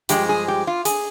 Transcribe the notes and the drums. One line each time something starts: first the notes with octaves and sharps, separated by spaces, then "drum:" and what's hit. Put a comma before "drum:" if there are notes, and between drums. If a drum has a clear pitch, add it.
G2 F3 G#3 G4, drum: hi-hat
G#4
G4
F4
G#4, drum: hi-hat